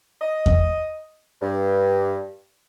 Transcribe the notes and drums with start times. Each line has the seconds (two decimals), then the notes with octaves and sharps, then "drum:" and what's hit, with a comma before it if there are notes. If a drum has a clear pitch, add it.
0.22 D#5
0.46 drum: kick E2
1.41 G2